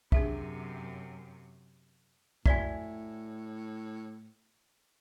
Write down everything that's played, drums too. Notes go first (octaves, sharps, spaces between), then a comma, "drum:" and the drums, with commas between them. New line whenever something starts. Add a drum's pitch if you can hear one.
F#2 C3 D4 G#4 E5, drum: kick
A2 F#4 D5 E5 G#5 G#6 B6, drum: kick